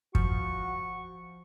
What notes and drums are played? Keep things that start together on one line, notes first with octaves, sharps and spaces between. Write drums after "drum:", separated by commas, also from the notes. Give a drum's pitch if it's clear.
F3 F#4 C#6, drum: kick